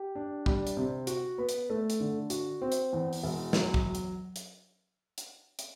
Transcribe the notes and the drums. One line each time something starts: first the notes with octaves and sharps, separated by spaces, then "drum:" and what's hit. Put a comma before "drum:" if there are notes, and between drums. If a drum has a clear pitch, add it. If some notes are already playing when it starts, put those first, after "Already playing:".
Already playing: G4
D4
G3, drum: kick
drum: hi-hat
C3
F#4, drum: hi-hat
B3
drum: hi-hat
A3
drum: hi-hat
D3
F#4, drum: hi-hat
C4
drum: hi-hat
E2
drum: open hi-hat
E1
F#3, drum: snare
drum: kick
drum: hi-hat
drum: hi-hat
drum: hi-hat
drum: hi-hat